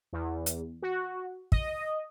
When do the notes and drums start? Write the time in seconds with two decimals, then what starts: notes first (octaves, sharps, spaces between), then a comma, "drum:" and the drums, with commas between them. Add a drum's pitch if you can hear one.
0.13 E2
0.46 drum: hi-hat
0.82 F#4
1.52 D#5, drum: kick